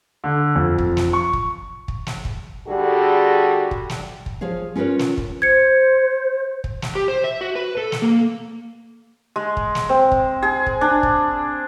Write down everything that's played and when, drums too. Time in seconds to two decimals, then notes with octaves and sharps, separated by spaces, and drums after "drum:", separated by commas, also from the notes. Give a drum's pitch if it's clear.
0.24 D3
0.56 F2
0.78 drum: kick
0.97 drum: snare
1.13 C#6
1.33 drum: kick
1.88 drum: kick
2.07 drum: snare
2.25 drum: kick
2.67 D3 G3 F#4 G#4
3.71 drum: kick
3.89 drum: snare
4.26 drum: kick
4.41 F3 G#4 C#5 F5
4.76 C#4 F4 A#4 B4 C#5
4.99 drum: snare
5.18 drum: kick
5.42 C5 G#6 C#7
6.64 drum: kick
6.82 drum: snare
6.95 G4
7.08 C5
7.24 E5
7.41 F#4
7.55 B4
7.78 A4
7.92 drum: snare
8.02 A#3
9.36 G#3
9.57 drum: kick
9.75 drum: snare
9.89 C4
10.12 drum: kick
10.42 G#4
10.66 drum: kick
10.81 D4
11.03 drum: kick